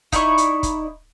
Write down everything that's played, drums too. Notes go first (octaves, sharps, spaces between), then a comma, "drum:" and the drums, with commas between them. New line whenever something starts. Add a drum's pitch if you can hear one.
D#4 E4 D5 C#6, drum: kick, hi-hat
drum: hi-hat
drum: kick, hi-hat